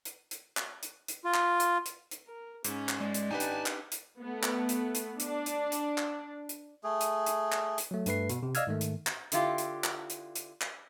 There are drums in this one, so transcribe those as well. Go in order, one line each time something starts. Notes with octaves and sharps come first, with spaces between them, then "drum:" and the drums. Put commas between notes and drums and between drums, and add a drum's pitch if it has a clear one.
drum: hi-hat
drum: hi-hat
drum: clap
drum: hi-hat
drum: hi-hat
F4
drum: clap
drum: hi-hat
drum: hi-hat
drum: hi-hat
A#4
G#2 C#4, drum: hi-hat
drum: clap
G#3 D5
drum: hi-hat
D4 D#4 G4 B4 G#5 A5
drum: hi-hat
drum: clap
drum: hi-hat
A3 B3
drum: clap
drum: hi-hat
drum: hi-hat
D4, drum: hi-hat
drum: hi-hat
drum: hi-hat
drum: clap
drum: hi-hat
A3 G#4
drum: hi-hat
drum: hi-hat
drum: clap
drum: hi-hat
F#3 A3
G2 A3 B4 C7, drum: hi-hat
B2, drum: hi-hat
C3
D5 D#5 F5 E6 F6 G#6, drum: hi-hat
G#2 D#3 A3
drum: hi-hat
drum: clap
D3 E4 F4 G4, drum: hi-hat
drum: hi-hat
drum: clap
drum: hi-hat
drum: hi-hat
drum: clap